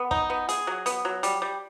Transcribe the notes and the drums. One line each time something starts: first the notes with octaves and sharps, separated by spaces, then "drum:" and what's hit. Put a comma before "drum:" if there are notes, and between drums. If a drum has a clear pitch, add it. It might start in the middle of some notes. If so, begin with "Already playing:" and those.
Already playing: B3
D#4, drum: kick
B3
G#4, drum: hi-hat
F#3
B3, drum: hi-hat
F#3
G3, drum: hi-hat
G3